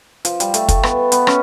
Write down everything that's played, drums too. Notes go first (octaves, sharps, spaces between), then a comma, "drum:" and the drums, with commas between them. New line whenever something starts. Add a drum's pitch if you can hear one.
F3, drum: hi-hat
G3, drum: hi-hat
A3, drum: hi-hat
A3, drum: kick, hi-hat
B3, drum: rim click
B3, drum: hi-hat
C#4, drum: rim click